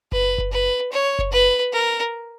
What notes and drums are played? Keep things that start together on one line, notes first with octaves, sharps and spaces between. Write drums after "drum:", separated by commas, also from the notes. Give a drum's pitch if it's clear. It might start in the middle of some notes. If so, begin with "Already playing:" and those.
B4, drum: kick F#1
drum: kick F#1
B4
C#5
drum: kick F#1
B4
A#4